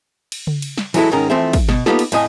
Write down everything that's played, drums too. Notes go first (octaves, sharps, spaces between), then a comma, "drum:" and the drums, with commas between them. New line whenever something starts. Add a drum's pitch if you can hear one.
drum: cymbal
drum: tom C#3
drum: cymbal
drum: snare
E3 F#3 G#3 E4 A4, drum: cymbal
G#2 D#3 C#4 A#4
E3 F3 A3 C4 E5
drum: kick, cymbal
B2, drum: snare
A#3 B3 D#4 F4 G4 A4, drum: snare
drum: cymbal
F2 A2 D#5 G#5, drum: cymbal